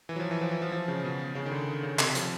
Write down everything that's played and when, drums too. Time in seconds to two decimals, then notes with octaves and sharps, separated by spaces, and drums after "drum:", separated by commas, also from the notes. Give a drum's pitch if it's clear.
0.09 E3
0.16 F#3
0.20 F3
0.31 E3
0.41 F3
0.51 E3
0.62 F3
0.72 F3
0.88 C#3
1.04 B2
1.35 C#3
1.46 D#3
1.51 D3
1.83 C#3
1.99 C3, drum: clap
2.15 F3, drum: hi-hat